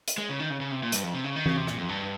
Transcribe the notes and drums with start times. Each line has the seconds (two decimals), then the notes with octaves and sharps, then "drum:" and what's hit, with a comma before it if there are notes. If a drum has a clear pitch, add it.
0.08 drum: hi-hat
0.18 G#3
0.30 C#3
0.40 D#3
0.50 C#3
0.61 C#3
0.72 C3
0.83 A#2
0.92 G2, drum: hi-hat
1.03 F2
1.14 C3
1.24 C#3
1.36 D#3
1.46 C#3, drum: tom E3
1.57 C3
1.67 A#2, drum: rim click
1.78 F2
1.89 G2